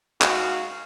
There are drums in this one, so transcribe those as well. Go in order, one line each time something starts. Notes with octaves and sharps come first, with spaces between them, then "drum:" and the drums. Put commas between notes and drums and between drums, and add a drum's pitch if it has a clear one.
G#3 D#4 F#4 F5, drum: clap